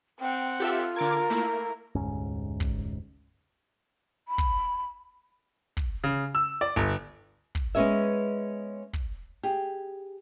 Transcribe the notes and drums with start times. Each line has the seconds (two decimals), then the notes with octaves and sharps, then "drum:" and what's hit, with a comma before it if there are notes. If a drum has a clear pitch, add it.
0.20 C4 F#5 G5
0.60 F4 G4 A4 E5
0.96 D3 A#4 D6 G#6
1.30 A3 A#3 E4
1.95 F1 D2 G#2 C#4
2.60 drum: kick
4.28 B5
4.38 drum: kick
5.77 drum: kick
6.04 C#3
6.35 E6
6.61 D5
6.76 G1
7.55 drum: kick
7.75 G#3 B3 C#4 G#4 E5
8.93 drum: kick
9.43 G4 G#4